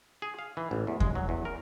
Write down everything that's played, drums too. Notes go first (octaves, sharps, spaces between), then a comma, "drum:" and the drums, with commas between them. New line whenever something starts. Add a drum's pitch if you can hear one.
G#4
F5
E3
A1
E2
G#3, drum: kick E2
F#3
E2
A#4